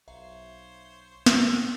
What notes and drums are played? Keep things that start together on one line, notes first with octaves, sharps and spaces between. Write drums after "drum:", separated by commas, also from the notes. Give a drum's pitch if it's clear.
B1 C5 C#5 E5 F5 A#5
drum: snare